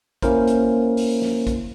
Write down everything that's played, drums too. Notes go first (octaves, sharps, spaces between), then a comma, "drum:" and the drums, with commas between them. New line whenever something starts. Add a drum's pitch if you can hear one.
A#3 C#4 E4 A#4 C5, drum: kick, hi-hat
drum: hi-hat
drum: open hi-hat
drum: snare
drum: kick, hi-hat